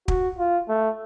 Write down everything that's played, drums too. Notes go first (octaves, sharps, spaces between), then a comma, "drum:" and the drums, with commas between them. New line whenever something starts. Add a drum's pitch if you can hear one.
F#4, drum: kick
F4
A3